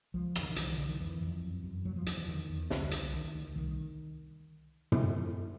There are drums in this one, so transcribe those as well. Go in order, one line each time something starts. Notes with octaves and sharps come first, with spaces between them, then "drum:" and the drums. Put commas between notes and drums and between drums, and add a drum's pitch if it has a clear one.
C#2 F3
C#2, drum: rim click
D3
D#3
C2 E3, drum: hi-hat
D#3
C2 D3
D#3
F2 E3
F2
F#2
F#2
D#2 F#3
F3
D#2 F3, drum: hi-hat
E3
E2 D#3
E2
C2 D3, drum: snare
C2, drum: hi-hat
D2 D#3
D2
C2 D#3
drum: tom